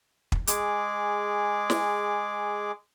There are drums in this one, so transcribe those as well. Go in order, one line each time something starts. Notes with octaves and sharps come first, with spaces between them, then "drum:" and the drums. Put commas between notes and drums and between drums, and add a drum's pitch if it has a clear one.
drum: kick
G#3 G#4 D6, drum: hi-hat
drum: snare